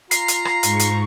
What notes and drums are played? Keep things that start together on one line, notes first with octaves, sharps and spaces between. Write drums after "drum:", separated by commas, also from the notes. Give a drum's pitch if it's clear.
F4 A#5 C7, drum: hi-hat
drum: hi-hat
drum: rim click
G#2 C#6, drum: hi-hat
drum: hi-hat